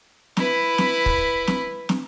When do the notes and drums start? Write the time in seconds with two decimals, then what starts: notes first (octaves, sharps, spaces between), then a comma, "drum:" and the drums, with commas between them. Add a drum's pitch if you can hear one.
0.37 E4 B4, drum: snare
0.78 drum: snare
1.06 drum: kick
1.47 drum: snare
1.89 drum: snare